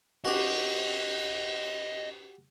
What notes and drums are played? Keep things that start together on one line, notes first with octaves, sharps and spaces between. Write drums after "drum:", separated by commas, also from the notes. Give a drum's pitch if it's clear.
F#4 G4 D#5, drum: cymbal